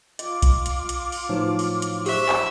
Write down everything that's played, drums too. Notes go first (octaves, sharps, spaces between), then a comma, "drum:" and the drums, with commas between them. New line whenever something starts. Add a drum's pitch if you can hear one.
F4 D#5 D6, drum: hi-hat
drum: kick B1, hi-hat
drum: hi-hat
drum: hi-hat
drum: open hi-hat
A2 F3 F#3 D#4 B4
drum: open hi-hat
drum: hi-hat
G4 C5 E5 C#6, drum: open hi-hat
drum: clap